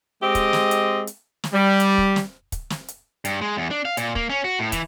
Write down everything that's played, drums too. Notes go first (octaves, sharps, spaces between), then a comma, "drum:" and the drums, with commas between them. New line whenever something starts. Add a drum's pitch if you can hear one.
G#3 C4 G4 D#5
drum: kick, hi-hat
drum: snare
drum: hi-hat
drum: hi-hat
drum: snare
G3
drum: hi-hat
drum: kick
drum: snare
drum: kick, hi-hat
drum: snare
drum: hi-hat
G2, drum: hi-hat
G#3
E2
D4
F5
A#2, drum: hi-hat
A#3, drum: kick
C#4
F#4
A2
E3, drum: kick, hi-hat